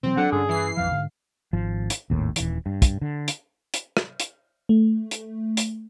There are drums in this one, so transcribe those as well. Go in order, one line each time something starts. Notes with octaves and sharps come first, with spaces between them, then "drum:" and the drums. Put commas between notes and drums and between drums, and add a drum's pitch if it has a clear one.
B2 E3 F#3 C4
D3 F#3 D4 F#5
G2 C#4 G#4
E3 C7
A#1 F2 F3 F5
G#2 D3
G#1 F3
drum: hi-hat
G#1 D#2 A2
D#1 E3, drum: hi-hat
G2
drum: kick, hi-hat
D3
drum: hi-hat
drum: hi-hat
drum: rim click
drum: hi-hat
A3
drum: hi-hat
drum: hi-hat